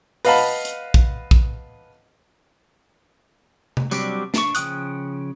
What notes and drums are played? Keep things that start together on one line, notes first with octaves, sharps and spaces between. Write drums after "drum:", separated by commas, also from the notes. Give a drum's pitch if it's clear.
B4 D#5 F5 F#5 A5 B5, drum: open hi-hat
drum: hi-hat
drum: kick
drum: kick
drum: tom C3
F#3 G3 C4 D4 G4, drum: tambourine
D4 A5 C#6, drum: snare
C#3 F3 G5 D#6 F#6, drum: hi-hat